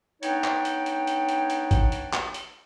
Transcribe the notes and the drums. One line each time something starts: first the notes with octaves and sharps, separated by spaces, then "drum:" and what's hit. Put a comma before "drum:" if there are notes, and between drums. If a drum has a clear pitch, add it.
B3 D4 D#4 C#5 G5, drum: hi-hat
drum: clap
drum: hi-hat
drum: hi-hat
drum: hi-hat
drum: hi-hat
drum: hi-hat
drum: kick G#1, hi-hat
drum: hi-hat
drum: clap
drum: hi-hat